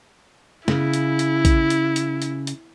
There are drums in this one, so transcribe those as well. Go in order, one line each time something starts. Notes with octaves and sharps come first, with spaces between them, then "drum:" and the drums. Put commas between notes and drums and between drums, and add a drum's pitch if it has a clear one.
C#3 E4, drum: snare
drum: hi-hat
drum: hi-hat
drum: kick, hi-hat
drum: hi-hat
drum: hi-hat
drum: hi-hat
drum: hi-hat